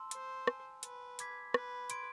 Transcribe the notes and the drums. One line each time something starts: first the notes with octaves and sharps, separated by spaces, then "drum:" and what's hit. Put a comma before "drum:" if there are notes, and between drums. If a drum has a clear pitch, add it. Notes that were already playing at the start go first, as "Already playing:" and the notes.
Already playing: A5 C6 E6
C5, drum: hi-hat
G#5 C6 E6, drum: rim click
B4, drum: hi-hat
B5 D6 G#6 B6, drum: hi-hat
B4, drum: rim click
C6 G#6 D7, drum: hi-hat